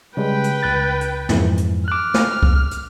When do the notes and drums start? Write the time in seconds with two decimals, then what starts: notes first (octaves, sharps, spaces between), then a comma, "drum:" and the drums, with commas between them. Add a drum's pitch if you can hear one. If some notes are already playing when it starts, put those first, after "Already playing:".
0.17 C#3 G3 G#3 B4 G5
0.44 drum: hi-hat
0.63 C#2 F#6 A6
1.01 drum: hi-hat
1.29 F2 G#2 E3, drum: snare
1.57 drum: hi-hat
1.88 D6 F6 F#6
2.14 drum: snare
2.43 drum: kick C2
2.71 drum: hi-hat